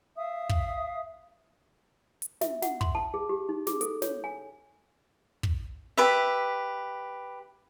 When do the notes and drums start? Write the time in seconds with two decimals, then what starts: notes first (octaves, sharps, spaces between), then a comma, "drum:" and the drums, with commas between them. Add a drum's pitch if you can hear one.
0.16 E5 F5 D#6
0.49 drum: kick
2.22 drum: hi-hat
2.41 E5, drum: snare
2.62 F#5, drum: snare
2.81 C6, drum: kick
2.95 A5
3.14 G#4
3.29 G4
3.49 D#4
3.67 G#4, drum: snare
3.81 A4, drum: hi-hat
4.02 C#5, drum: snare
4.24 G#5
5.43 drum: kick
5.97 G4 B4 E5